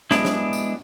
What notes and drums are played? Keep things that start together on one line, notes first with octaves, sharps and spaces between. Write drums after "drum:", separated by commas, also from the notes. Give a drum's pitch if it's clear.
G#3 B3 D4 E4, drum: snare
drum: snare
drum: tambourine